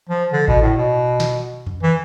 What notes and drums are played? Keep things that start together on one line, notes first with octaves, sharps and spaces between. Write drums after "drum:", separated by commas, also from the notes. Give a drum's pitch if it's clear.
F3
D3
B2, drum: kick G#1
A2
B2
drum: snare
drum: tom F2
E3